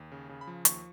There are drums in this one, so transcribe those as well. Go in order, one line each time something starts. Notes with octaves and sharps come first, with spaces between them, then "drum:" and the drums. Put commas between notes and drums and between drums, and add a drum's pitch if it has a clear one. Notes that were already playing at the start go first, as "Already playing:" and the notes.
Already playing: D#2
C#3
C#3
B5
F3
D#2 C#6, drum: hi-hat